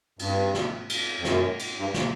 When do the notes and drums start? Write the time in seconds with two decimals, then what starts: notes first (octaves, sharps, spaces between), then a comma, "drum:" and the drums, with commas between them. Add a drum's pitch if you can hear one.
0.19 G2, drum: cymbal
0.54 drum: snare
0.89 drum: cymbal
1.19 F2
1.25 F#2, drum: snare
1.59 drum: cymbal
1.77 G2
1.94 drum: snare